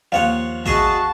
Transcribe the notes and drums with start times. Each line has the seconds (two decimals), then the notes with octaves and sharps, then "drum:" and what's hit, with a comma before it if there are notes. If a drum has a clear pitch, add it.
0.12 D#2 F3 C#5 F5 F#5
0.66 F#4 G#4 D#5 E5 A5, drum: kick